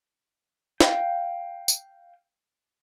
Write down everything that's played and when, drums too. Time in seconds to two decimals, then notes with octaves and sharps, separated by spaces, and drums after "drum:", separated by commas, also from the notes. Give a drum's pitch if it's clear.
0.80 F5 G5, drum: snare
1.68 drum: tambourine